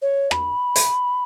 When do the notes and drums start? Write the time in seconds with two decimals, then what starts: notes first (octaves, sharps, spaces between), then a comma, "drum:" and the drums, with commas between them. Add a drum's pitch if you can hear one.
0.02 C#5
0.31 B5, drum: rim click
0.76 drum: hi-hat